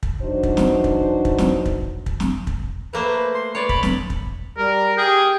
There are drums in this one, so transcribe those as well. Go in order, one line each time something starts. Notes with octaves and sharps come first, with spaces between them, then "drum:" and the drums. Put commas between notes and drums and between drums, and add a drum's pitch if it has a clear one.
drum: kick
E3 F#3 D4 D#4 F#4 C5
drum: kick
drum: snare
drum: kick
drum: kick
drum: snare
drum: kick
drum: kick
drum: snare
drum: kick
A3 A#3 B4 C5
C6
B4 C#5 D5
B5, drum: kick
drum: snare
drum: kick
G3 A#4
G4 G#4 G5